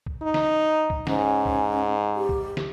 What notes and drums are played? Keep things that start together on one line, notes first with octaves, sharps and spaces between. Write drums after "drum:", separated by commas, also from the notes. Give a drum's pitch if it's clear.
drum: kick
D#4
drum: snare
drum: kick
G#2 C#4, drum: snare
drum: kick
G4
drum: kick
drum: snare